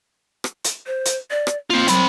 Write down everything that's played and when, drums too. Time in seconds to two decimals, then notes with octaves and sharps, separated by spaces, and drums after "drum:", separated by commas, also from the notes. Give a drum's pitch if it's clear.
0.44 drum: rim click
0.65 drum: hi-hat
0.87 C5
1.06 drum: hi-hat
1.31 D5
1.47 drum: rim click
1.70 A#3 C4 F4
1.88 F#3 C4 B5, drum: hi-hat